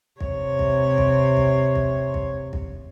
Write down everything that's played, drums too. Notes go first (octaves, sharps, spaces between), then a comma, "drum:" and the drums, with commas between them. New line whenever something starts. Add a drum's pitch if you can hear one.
C3 C#5, drum: kick
drum: kick
drum: kick
drum: kick
drum: kick
drum: kick
drum: kick